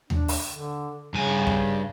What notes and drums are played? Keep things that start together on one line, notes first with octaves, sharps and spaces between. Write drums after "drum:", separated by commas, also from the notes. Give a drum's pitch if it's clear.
D4, drum: tom D#2
drum: open hi-hat
D3
G2 C#3 G#5
drum: kick